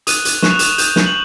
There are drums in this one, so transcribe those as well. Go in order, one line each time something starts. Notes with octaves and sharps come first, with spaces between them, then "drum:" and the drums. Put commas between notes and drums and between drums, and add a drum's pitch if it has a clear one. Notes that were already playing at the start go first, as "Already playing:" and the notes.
D#6 F#6 D#7, drum: hi-hat
drum: hi-hat
C#6 F#6 E7, drum: snare
F7
E7, drum: hi-hat
D#6 G6, drum: hi-hat
drum: snare
F#7